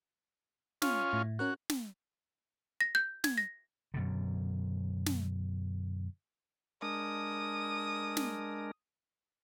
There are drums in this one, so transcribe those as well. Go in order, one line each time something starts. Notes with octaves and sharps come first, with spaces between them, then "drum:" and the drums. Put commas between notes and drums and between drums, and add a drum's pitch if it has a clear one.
C#4 F4, drum: snare
A2
C#4 F#4 A#4 F#6
drum: snare
A#6
G6
G#6, drum: snare
A#6
F#2 B2 D3
drum: snare
G#3 D4 A#4 D#6
drum: snare